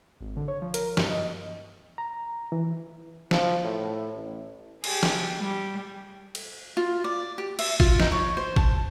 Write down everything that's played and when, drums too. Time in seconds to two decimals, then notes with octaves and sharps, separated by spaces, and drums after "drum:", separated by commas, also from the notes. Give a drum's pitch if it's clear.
0.21 G#1
0.37 D3
0.48 C#5
0.62 F3
0.74 A#4, drum: hi-hat
0.97 G2, drum: snare
1.10 D#5
1.98 A#5
2.52 E3
3.31 F3, drum: snare
3.64 A2
4.16 A1
4.84 G4 G#4, drum: cymbal
5.03 drum: snare
5.39 G3
6.35 drum: cymbal
6.77 F4
7.04 D5
7.38 G4
7.59 E5, drum: cymbal
7.80 F4, drum: kick
8.00 D#4, drum: snare
8.12 C#5
8.37 C5
8.56 A5, drum: kick